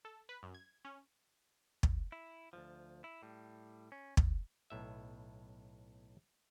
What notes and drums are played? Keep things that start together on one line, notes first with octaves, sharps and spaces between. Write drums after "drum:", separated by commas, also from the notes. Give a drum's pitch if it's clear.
A4
B4
F#2
G#6
C#4
drum: kick
E4
D2 G2 F3
E4
A2 G3
C#4
drum: kick
B1 A2 E5